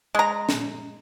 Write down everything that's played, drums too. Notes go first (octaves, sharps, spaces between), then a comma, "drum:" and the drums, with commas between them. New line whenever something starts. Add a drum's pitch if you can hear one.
G#3 A#5
drum: snare